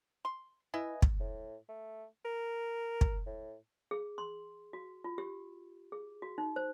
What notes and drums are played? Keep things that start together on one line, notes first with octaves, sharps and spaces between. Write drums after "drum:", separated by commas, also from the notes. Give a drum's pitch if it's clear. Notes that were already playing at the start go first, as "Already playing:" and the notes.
C6
E4 B4 D#5 G#5
drum: kick
A2
A3
A#4
drum: kick
A2
G#4
C6
F#4
F4
G4
G#4
F#4
D#4
C5